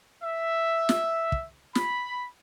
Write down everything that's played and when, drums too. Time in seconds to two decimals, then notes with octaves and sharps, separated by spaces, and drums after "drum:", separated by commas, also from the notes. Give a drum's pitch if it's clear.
0.24 E5
0.89 drum: snare
1.32 drum: kick
1.75 B5, drum: snare